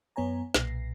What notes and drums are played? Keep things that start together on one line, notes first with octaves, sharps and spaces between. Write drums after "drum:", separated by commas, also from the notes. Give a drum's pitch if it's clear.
F#2 B3 C#5 G#5 A#5
B1 A#2 A#6 C7, drum: snare